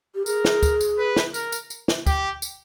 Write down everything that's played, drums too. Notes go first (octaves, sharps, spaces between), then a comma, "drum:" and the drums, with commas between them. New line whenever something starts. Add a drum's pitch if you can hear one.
G4
G#4 A#4, drum: tambourine
drum: snare
drum: kick, tambourine
drum: tambourine
B4
drum: snare
A#4, drum: tambourine
drum: tambourine
drum: tambourine
drum: snare
G4, drum: kick, tambourine
drum: tambourine